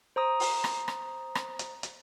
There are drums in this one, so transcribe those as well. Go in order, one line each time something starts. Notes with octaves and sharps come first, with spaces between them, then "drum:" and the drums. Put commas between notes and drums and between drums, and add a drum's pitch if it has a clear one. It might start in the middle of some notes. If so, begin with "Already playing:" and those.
C5 A#5 D#6
drum: open hi-hat
drum: rim click
drum: rim click
drum: rim click
drum: hi-hat
drum: hi-hat